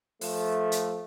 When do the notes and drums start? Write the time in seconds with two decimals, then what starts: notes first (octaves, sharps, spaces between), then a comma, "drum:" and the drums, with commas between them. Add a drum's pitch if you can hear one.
0.21 F3 A3, drum: open hi-hat
0.72 drum: hi-hat